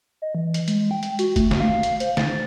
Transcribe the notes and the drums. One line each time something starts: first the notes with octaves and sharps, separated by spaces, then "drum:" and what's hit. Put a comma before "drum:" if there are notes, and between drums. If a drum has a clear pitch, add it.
D#5
E3
drum: hi-hat
G#3, drum: hi-hat
G5
drum: hi-hat
F#4, drum: hi-hat
A3, drum: kick F#1, hi-hat
drum: snare
F5
drum: hi-hat
C5, drum: hi-hat
A6, drum: snare